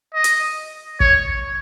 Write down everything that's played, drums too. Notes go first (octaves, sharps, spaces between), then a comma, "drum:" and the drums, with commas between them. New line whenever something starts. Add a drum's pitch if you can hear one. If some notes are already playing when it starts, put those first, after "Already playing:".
D#5
drum: hi-hat
C#5, drum: kick